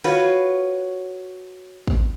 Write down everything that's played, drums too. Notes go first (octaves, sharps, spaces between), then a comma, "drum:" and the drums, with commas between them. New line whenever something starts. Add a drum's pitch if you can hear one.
F4 F#4 B4 C#5, drum: open hi-hat
drum: kick